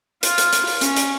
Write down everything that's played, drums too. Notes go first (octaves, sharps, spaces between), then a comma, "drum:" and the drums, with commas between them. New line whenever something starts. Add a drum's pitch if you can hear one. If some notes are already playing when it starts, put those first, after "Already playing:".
F4, drum: hi-hat
drum: hi-hat
drum: hi-hat
drum: open hi-hat
C#4, drum: hi-hat
drum: hi-hat